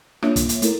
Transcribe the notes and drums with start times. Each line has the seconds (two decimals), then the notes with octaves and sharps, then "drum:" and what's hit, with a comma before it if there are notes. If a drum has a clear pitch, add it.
0.23 A#3 D4 F4 C#5 E5, drum: rim click
0.36 drum: kick, hi-hat
0.49 drum: hi-hat
0.62 A3 E4 A#4, drum: hi-hat